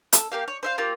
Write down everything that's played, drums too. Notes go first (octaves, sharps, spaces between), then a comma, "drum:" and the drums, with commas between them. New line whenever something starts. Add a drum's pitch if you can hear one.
A4, drum: hi-hat
A#3 G4 F5
C#5
C5 E5 F5
A#3 C4 F4 G4